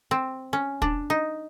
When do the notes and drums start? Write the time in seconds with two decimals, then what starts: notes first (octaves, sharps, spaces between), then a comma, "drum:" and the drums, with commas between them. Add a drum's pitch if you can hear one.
0.11 C4
0.53 C#4
0.82 D4, drum: kick
1.10 D#4